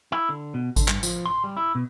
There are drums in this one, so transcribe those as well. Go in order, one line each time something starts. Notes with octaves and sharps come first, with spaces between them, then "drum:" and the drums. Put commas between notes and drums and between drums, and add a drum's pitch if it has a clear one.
E4
D3
B2
D3, drum: kick G#1, tambourine
G2, drum: clap
F3, drum: tambourine
C6
G3
E4
B2